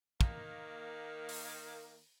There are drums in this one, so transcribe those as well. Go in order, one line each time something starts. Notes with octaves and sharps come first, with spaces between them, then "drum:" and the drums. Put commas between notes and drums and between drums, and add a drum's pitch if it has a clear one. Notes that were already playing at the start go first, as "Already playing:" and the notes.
D#3 A#3, drum: kick
drum: open hi-hat